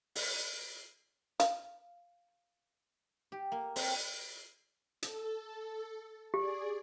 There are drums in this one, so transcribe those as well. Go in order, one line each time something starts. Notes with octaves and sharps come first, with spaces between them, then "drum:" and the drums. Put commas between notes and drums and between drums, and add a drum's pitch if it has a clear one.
drum: open hi-hat
F5, drum: hi-hat
G4
A#3
C4, drum: open hi-hat
A4, drum: hi-hat
G4 G#4 D5